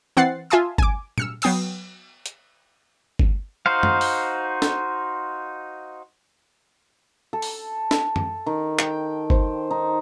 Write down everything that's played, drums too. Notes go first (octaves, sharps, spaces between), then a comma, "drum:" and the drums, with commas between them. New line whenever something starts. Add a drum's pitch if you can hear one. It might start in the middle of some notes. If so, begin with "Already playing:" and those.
E3 C4 F#5 A6 C7
F4 E5 G#5 A5 C6 D#6
G#5 D6, drum: kick G1
E6 F6 C#7, drum: tom A#2
F#3 B3 G5 D#6 C7, drum: cymbal
drum: hi-hat
drum: kick G1
D#4 F#4 C5 F5
drum: tom F#2
drum: open hi-hat
drum: snare
A4
drum: open hi-hat
drum: snare
drum: tom F#2
D#3
G5, drum: clap
C5, drum: kick G1
D#4